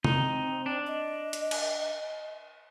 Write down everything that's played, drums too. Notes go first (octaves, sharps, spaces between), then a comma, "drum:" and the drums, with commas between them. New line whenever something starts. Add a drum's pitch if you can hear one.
C4 D#4, drum: tom
D4
D#5
drum: hi-hat
drum: cymbal